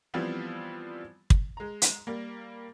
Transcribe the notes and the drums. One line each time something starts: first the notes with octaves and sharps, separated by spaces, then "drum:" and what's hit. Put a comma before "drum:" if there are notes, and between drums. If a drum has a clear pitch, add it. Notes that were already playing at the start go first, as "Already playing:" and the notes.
E3 F3 G3 B3 C4
drum: kick
G#3 A#5
drum: hi-hat
G3 A#3